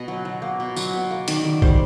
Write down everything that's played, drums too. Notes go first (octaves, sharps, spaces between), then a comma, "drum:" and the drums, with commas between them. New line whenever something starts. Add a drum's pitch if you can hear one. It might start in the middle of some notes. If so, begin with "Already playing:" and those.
Already playing: B2 D#5
F#3
F#3
A#3
B2
F#3, drum: tambourine
B2
A#3
D#3 D5, drum: hi-hat
D#3 D5
G3 C5, drum: kick